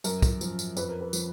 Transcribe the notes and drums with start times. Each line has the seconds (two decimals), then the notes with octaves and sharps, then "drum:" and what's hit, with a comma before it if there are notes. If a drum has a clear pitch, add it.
0.04 F#2 A#4, drum: tambourine
0.22 drum: kick, tambourine
0.41 F3, drum: tambourine
0.59 drum: tambourine
0.77 F2 B4, drum: tambourine
0.89 A#4
1.01 B4
1.13 F3, drum: tambourine